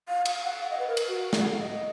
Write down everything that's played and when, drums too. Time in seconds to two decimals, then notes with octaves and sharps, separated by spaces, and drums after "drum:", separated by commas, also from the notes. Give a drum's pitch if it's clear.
0.08 F5
0.26 F5, drum: cymbal
0.44 F#5
0.61 F5
0.70 D#5
0.79 B4
0.88 A#4
0.97 drum: cymbal
1.09 F#4
1.33 G#4, drum: snare
1.41 F#5
1.51 F5
1.59 D#5